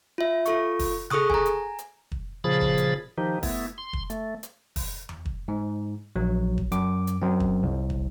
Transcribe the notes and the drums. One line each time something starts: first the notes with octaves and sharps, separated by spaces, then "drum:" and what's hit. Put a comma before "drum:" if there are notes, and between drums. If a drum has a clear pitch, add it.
F4 E5
F4 A4 C#6, drum: hi-hat
drum: kick, open hi-hat
G#4 A4 C#6 D#6 F#6, drum: tom C3
G#5 A#5, drum: kick
drum: hi-hat
drum: hi-hat
drum: kick
A#2 C#3 F3 G#4 B5 A6
drum: kick
drum: hi-hat
D#3 F3 D#4 G4
A3 B3 E4, drum: kick, open hi-hat
C6
drum: kick
A3, drum: hi-hat
drum: hi-hat
drum: kick, open hi-hat
drum: tom E2
drum: kick
G#2
A#1 F#3
drum: kick
F#2 D6, drum: hi-hat
drum: hi-hat
F#2 C4
drum: kick
C2
drum: kick